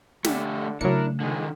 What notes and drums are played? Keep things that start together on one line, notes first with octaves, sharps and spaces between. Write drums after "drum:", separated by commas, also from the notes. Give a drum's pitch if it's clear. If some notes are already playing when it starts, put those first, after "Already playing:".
D3 A3 G4, drum: snare
C#3 F#3 A3 D4 E4 A#4 C#7
A#1 D3 D#3 G#3